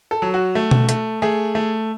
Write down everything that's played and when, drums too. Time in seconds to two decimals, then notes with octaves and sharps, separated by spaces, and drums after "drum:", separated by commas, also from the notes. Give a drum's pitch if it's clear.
0.11 A4
0.22 F#3
0.34 F#4
0.55 A3
0.71 drum: tom B2
0.89 A3, drum: hi-hat
1.22 A3 G#4
1.55 A3